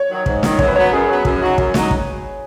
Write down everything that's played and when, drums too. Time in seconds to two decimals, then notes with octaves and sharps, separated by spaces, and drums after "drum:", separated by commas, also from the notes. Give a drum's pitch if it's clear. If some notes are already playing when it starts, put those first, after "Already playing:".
Already playing: C#5
0.11 D#3 F#3
0.26 G#2, drum: kick
0.43 D#3 F#3, drum: snare
0.59 F#2 C#5, drum: kick
0.68 B4
0.76 F#3 B3 C#5
0.92 F#2 G#4
1.08 F#3 B3
1.25 F#2, drum: kick
1.41 F#3 D#4 F#4
1.58 F#2, drum: kick
1.74 F#3 D#4 F#4, drum: snare
1.91 drum: kick